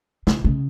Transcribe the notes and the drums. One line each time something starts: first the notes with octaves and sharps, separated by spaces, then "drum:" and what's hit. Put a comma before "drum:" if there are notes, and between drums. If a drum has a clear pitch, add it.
C#3, drum: snare
C#3